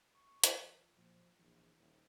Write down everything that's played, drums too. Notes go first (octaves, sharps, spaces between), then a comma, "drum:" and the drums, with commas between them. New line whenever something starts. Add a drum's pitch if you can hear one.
C#6
drum: hi-hat
F3
A#2 F3
A#1 E3
D#1